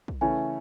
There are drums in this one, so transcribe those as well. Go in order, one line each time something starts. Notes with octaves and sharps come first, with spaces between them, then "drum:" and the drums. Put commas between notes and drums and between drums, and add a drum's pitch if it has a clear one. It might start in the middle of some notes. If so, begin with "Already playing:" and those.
drum: kick
C#3 E3 A3 C#4 E4 G#5